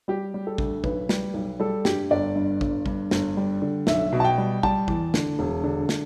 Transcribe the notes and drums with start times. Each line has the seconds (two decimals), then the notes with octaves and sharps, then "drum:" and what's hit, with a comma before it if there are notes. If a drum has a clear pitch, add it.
0.08 G3 G4
0.34 G3
0.47 A4
0.58 D2, drum: kick
0.84 B1 B4, drum: kick
1.09 G3, drum: snare
1.34 B1
1.60 G3 A4
1.85 G2 G4, drum: snare
2.11 G1 D5
2.36 G2
2.61 G1, drum: kick
2.86 G2, drum: kick
3.11 G1, drum: snare
3.37 G3
3.62 D3
3.87 B1 E5, drum: snare
4.12 B2
4.20 A5
4.25 G5
4.38 G3
4.63 G3 A5, drum: kick
4.88 E2, drum: kick
5.14 D3, drum: snare
5.39 E1
5.64 D3
5.89 drum: snare